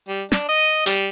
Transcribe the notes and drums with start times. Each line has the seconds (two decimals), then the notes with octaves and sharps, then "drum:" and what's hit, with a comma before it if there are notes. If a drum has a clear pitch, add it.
0.08 G3
0.32 D4, drum: snare
0.49 D#5
0.86 G3, drum: hi-hat